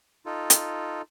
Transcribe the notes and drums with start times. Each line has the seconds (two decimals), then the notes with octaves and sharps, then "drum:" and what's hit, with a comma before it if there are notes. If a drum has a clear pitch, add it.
0.26 D#4 F4 A4
0.50 drum: hi-hat